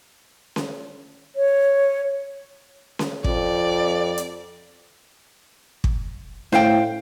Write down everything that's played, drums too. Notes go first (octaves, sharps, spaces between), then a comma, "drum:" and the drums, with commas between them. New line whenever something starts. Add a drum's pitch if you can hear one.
drum: snare C#4
C#5
drum: snare C#4
F2 D5, drum: kick
drum: hi-hat
drum: kick
A2 C5 F5 G5, drum: snare C#4